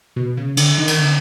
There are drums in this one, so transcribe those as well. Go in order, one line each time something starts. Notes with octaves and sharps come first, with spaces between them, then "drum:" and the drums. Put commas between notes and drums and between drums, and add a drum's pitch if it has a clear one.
B2
C#3
D3, drum: cymbal
D#3
drum: cymbal
D3